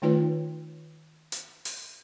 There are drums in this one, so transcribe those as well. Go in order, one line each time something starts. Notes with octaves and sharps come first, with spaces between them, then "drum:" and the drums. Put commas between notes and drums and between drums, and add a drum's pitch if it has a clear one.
D#3 A3 D#4 F4 B4 C#5
drum: hi-hat
drum: open hi-hat